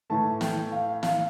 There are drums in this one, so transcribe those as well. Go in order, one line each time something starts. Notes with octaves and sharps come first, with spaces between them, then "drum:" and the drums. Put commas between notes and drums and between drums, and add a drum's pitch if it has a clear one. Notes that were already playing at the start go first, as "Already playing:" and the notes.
A2 E3 A3 A5
G5, drum: snare
F5
F5, drum: snare